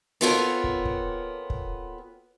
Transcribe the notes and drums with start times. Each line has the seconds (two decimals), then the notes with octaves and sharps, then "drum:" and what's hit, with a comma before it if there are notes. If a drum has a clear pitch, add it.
0.21 B3 C4 F4 A4 A#4 C#5
0.64 drum: kick
0.85 drum: kick
1.50 drum: kick